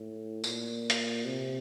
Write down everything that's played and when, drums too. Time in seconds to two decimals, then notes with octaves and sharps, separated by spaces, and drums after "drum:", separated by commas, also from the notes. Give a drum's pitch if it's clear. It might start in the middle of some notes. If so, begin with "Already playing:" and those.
Already playing: A2
0.44 A#2, drum: tambourine
0.90 drum: hi-hat
1.25 C3